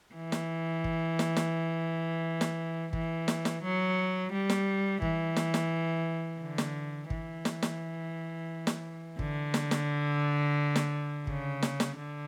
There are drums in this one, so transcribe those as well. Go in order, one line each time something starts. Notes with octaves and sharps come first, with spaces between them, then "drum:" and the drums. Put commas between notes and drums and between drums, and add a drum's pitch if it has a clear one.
E3
drum: snare
drum: kick
drum: snare
drum: snare
drum: snare
E3, drum: kick
drum: snare
drum: snare
F#3
G3
drum: snare
E3, drum: kick
drum: snare
drum: snare
D3
drum: snare
E3, drum: kick
drum: snare
drum: snare
drum: snare
D3, drum: kick
drum: snare
drum: snare
drum: snare
C#3, drum: kick
drum: snare
drum: snare
D3